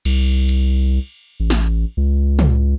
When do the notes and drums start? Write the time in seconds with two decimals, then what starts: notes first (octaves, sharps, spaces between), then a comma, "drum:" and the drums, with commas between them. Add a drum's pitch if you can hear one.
0.05 C2, drum: cymbal
0.49 drum: hi-hat
1.40 A1
1.50 drum: snare
1.97 C#2
2.39 drum: tom